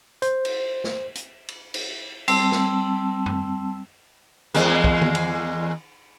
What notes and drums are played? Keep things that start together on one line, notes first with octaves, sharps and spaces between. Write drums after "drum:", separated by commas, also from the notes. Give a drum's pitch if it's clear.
C5, drum: hi-hat
drum: cymbal
drum: snare
drum: hi-hat
drum: cymbal
drum: cymbal
G3 C4 A5 E6, drum: cymbal
drum: snare
drum: tom F#2
E2 G#3 A#3, drum: hi-hat
drum: kick
drum: tom D#3
drum: cymbal